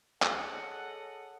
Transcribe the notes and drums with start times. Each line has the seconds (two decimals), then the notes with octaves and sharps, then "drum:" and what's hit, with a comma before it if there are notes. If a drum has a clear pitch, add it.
0.22 G#4 A4 C#5 D#5 F#5, drum: clap